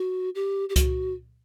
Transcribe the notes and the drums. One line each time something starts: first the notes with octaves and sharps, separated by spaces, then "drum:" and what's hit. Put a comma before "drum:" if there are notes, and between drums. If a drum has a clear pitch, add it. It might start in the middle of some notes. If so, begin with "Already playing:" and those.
Already playing: F#4
G4
G4
F#4, drum: kick C#2, hi-hat